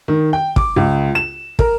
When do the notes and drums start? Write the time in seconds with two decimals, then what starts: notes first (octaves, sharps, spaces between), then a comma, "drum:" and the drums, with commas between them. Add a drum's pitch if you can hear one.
0.08 D#3
0.33 G5
0.56 D6, drum: kick
0.76 C#2
1.15 E7
1.59 A#4, drum: kick